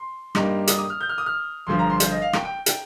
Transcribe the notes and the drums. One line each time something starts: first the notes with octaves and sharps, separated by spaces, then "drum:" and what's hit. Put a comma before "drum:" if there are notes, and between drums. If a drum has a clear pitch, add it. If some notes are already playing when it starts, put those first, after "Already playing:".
Already playing: C6
G2 G3 A#3 D#4, drum: rim click
D#6, drum: hi-hat
D#6
F6
G6
F6
D#6
F6
G1 G2 F3 C6
A#5
C6
C5, drum: hi-hat
D#5
F5
G5, drum: rim click
G5
G5, drum: hi-hat